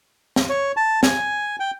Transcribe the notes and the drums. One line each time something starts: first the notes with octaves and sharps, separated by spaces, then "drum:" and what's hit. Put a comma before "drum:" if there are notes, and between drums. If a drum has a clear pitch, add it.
drum: snare
C#5
A5
G#5, drum: snare
G5